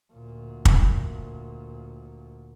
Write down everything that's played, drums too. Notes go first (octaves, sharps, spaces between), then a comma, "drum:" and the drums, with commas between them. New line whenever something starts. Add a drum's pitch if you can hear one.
D2 A#2
drum: kick